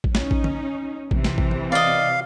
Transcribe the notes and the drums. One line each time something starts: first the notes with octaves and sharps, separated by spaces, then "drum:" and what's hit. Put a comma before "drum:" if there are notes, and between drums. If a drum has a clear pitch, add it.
drum: kick A1
C#4 D#4, drum: snare
drum: kick A1
drum: tom
C3 E3 C4, drum: kick A1
drum: snare
drum: kick A1
drum: tom E3
D5 D#5 F5